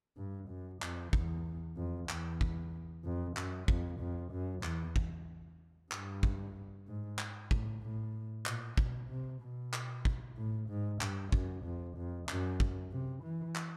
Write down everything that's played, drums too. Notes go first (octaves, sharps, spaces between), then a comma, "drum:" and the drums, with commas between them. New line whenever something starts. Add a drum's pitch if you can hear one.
G2
F#2
F2, drum: clap
E2, drum: kick
F2
E2, drum: clap
drum: kick
F2
F#2, drum: clap
F2, drum: kick
F2
F#2
E2, drum: clap
drum: kick
G2, drum: clap
drum: kick
G#2
drum: clap
A2, drum: kick
A2
A#2, drum: clap
B2, drum: kick
C3
B2
drum: clap
drum: kick
A2
G#2
G2, drum: clap
F#2, drum: kick
F2
F2
F#2, drum: clap
drum: kick
C3
E3
drum: clap